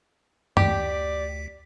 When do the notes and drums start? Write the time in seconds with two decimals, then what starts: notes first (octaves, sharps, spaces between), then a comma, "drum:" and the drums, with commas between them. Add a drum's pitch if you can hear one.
0.57 D2 G4 D5 B6, drum: tom F#2